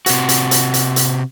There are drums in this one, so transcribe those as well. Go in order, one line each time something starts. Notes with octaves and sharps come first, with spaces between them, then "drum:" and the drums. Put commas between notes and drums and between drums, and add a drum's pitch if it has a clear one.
C3 F#4, drum: hi-hat
drum: hi-hat
drum: hi-hat
drum: hi-hat
drum: hi-hat